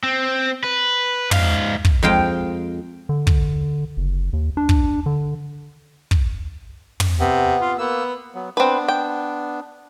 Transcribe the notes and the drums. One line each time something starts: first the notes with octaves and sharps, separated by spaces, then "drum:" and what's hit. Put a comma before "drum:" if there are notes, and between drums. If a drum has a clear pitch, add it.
C4
B4
G#2 F5, drum: tom
drum: kick
F2 G#3 F5 G5
D3
drum: kick
F#1
D#2
D4
drum: kick
D3
drum: kick
drum: tom
C3 B3
F4
A#3 B3 E6
F#3 B3
B3 C4 D4 B4
G5